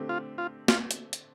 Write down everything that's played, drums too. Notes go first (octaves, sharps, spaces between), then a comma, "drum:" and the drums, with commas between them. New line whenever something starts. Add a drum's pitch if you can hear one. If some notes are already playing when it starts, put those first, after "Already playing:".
Already playing: D3 A3 C4 G4
F4
F4
F4, drum: snare
drum: hi-hat
drum: hi-hat